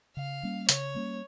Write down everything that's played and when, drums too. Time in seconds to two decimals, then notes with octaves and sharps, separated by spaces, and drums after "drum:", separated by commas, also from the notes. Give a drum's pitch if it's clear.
0.17 C#3 F5
0.43 G3 A#3 C#4
0.69 C#3 C#5, drum: hi-hat
0.95 G3 A#3 C#4